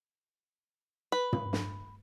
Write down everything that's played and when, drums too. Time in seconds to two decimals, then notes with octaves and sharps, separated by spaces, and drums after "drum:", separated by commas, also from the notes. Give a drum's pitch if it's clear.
1.12 B4
1.33 drum: tom
1.53 drum: snare